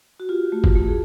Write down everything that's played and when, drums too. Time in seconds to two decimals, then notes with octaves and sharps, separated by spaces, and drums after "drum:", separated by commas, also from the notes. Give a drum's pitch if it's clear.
0.20 F#4
0.29 F4 G4
0.52 A3
0.64 drum: kick
0.75 A3
0.88 G#4